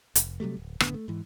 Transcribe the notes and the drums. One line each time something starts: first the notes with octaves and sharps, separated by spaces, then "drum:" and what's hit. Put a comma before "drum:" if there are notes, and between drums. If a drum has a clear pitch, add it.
F1, drum: hi-hat
C3 F#3 G3 A3
D1
F#1 A2 D3 B3, drum: rim click
A3
G#2 E3